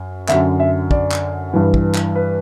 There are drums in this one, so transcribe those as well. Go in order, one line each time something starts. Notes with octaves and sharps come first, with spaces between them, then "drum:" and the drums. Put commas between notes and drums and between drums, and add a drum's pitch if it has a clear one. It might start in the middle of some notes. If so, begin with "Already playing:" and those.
Already playing: F#2
F#2 D3 E5, drum: clap
E5
D5, drum: kick
drum: clap
G2 E3
drum: kick
drum: clap
B4